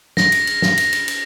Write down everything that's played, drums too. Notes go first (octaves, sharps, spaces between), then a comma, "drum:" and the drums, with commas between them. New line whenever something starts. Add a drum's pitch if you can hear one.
A#6, drum: snare
drum: cymbal
drum: cymbal
drum: snare
drum: cymbal
drum: cymbal
drum: cymbal